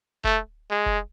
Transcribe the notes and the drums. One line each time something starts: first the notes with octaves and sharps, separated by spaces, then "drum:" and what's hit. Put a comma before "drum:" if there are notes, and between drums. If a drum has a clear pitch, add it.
A3, drum: kick F1
G#3
drum: kick F1